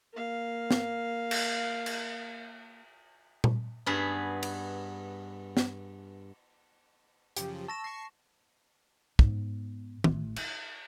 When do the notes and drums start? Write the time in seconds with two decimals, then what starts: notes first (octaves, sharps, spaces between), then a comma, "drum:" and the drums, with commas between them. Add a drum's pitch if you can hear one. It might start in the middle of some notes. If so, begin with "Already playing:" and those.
0.13 A#3 F5
0.71 drum: snare
1.31 drum: cymbal
1.86 drum: cymbal
3.44 drum: tom A#2
3.86 G2 B3 G#4
4.43 drum: cymbal
5.57 drum: snare
7.37 F#2 C#3 F3 G4, drum: hi-hat
7.68 A5 C#6 E6 A#6 E7
7.84 C#6 A#6 C7
9.19 G#2 B3, drum: kick
10.04 A1 A3, drum: tom
10.36 D#4, drum: cymbal